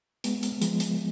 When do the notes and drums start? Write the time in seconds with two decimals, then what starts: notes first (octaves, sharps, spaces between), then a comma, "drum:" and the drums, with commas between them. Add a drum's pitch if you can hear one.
0.24 G#3 B3, drum: hi-hat
0.43 drum: hi-hat
0.62 F3 G#3, drum: hi-hat
0.80 drum: hi-hat